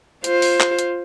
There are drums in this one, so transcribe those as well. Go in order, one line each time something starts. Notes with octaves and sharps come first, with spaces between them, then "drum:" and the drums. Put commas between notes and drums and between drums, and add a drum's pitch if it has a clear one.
F4 C5, drum: hi-hat
drum: open hi-hat
drum: clap
drum: hi-hat